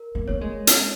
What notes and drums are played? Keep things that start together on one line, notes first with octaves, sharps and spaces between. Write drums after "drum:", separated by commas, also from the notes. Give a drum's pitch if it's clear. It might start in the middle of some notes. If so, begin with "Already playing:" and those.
Already playing: A#4
A#3
A#3 C#5
G#3
C#5, drum: hi-hat